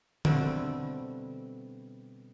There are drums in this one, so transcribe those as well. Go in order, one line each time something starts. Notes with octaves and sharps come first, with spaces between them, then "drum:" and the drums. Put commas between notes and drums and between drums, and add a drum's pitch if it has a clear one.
B2 D3 G3 A3 C4, drum: tom D3